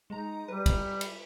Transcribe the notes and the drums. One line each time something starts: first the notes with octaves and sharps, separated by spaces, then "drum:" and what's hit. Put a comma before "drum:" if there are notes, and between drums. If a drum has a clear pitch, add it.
G#3 D#4 A#5
G3 B4
drum: kick, cymbal
drum: cymbal